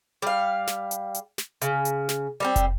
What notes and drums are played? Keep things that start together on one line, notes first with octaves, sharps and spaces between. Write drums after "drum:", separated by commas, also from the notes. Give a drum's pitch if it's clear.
G3 F5
drum: snare
drum: hi-hat
drum: hi-hat
drum: snare
C#3, drum: hi-hat
drum: hi-hat
drum: snare
G3 A#3 C4
drum: kick F1, hi-hat